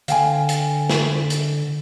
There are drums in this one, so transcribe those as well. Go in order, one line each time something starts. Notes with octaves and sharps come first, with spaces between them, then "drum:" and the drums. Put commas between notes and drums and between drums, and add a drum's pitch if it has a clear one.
D3 F5 G5 G#5, drum: hi-hat
drum: hi-hat
drum: snare
drum: hi-hat